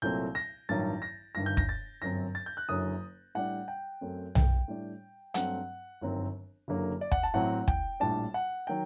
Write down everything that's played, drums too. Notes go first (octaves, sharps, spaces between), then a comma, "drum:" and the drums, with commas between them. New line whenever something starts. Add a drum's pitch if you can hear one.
C2 A#2 F#3 A3 C4 G6
A#6
A1 G2 D#3 F#3 A6
A#6
G1 G2 D#3 A#6
G6
A#6, drum: kick
A6
G1 F#2 F#3 C4 A#6
A6
G6
F#6
F#1 F#2 D3 F#3 D#6
A2 G3 D4 F#5
G5
F#2 F#3 A3 C4
G5, drum: tom B1
A2 G3 D4
G2 F#3 A3 C4 F#5, drum: hi-hat
G1 F#2 D#3 F#3 C4
F#1 F#2 D3 F#3 A#3
D5
F#5, drum: kick
A5
A1 A2 F#3 C4 F#5
G5, drum: kick
A#1 A2 G3 D4 A5
F#5
D#3 F#3 G5